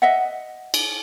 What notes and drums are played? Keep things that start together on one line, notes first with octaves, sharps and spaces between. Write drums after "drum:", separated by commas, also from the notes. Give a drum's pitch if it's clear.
D#5 E5 F#5
drum: cymbal